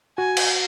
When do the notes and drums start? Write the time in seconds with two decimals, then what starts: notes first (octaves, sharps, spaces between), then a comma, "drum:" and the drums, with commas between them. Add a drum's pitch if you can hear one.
0.18 F#4 G#5
0.37 drum: cymbal